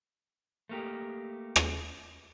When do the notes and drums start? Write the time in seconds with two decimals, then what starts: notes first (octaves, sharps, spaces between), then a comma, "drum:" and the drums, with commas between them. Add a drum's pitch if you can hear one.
0.69 A3 A#3 G4
1.56 drum: rim click